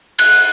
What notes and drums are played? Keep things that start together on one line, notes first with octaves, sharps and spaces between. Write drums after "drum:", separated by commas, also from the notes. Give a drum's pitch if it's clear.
F#6, drum: cymbal